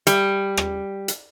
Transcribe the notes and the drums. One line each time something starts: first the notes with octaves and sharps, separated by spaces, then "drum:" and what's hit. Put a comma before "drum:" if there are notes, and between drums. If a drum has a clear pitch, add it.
G3, drum: hi-hat
drum: rim click
drum: hi-hat